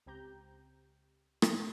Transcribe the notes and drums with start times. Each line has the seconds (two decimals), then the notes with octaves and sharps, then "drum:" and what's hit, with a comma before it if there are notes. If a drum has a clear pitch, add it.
0.06 C#2 C4 G4 A#5 G6
1.42 drum: rim click